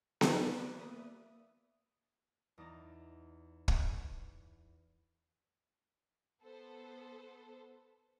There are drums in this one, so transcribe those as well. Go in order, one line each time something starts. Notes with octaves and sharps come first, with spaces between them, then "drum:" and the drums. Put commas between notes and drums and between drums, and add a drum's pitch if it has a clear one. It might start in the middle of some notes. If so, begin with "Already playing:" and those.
B4 D5, drum: snare B3
A#3 E5 D#6
E2 D#4 D5 A#5
drum: kick
B3 A4 B4 C5